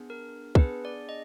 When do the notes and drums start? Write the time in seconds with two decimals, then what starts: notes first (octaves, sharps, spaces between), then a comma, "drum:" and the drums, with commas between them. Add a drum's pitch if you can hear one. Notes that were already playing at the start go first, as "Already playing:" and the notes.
Already playing: B3 D4 G#4
0.10 A#4
0.55 B3 D4 G#4 B4, drum: kick
0.85 D5
1.09 D#5